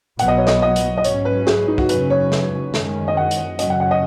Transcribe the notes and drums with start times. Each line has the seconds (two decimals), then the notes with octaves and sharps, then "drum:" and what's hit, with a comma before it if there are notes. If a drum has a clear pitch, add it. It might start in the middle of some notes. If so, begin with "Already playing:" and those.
0.19 B1 B2 F#3 B3 F#5, drum: hi-hat
0.28 D#5
0.37 C#5
0.47 D#5, drum: snare
0.62 D#5
0.76 drum: hi-hat
0.98 D#5
1.04 G#2 F#3 C#4 C#5, drum: hi-hat
1.25 B4
1.47 G#4, drum: snare
1.68 D#4
1.78 F#4, drum: kick
1.89 F#2 C#3 F#3 C#4 B4, drum: hi-hat
2.10 C#5
2.32 drum: snare
2.74 F#2 D#3 G#3 C#4, drum: snare
3.08 D#5
3.17 F#5
3.31 drum: hi-hat
3.59 F#2 C#3 F#3 C#4 D#5, drum: hi-hat
3.70 F#5
3.80 F#5
3.91 D#5